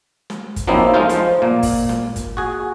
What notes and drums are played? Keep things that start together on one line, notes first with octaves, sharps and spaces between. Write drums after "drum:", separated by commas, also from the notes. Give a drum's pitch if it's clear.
drum: snare
drum: kick G1, hi-hat
F3 F#3 A#3 C4 D#4 E4
G#3 A3 D#4 F4 C5
F3, drum: hi-hat
A#2 A#3
drum: kick G1, open hi-hat
drum: snare
drum: kick G1, hi-hat
F#4 G#4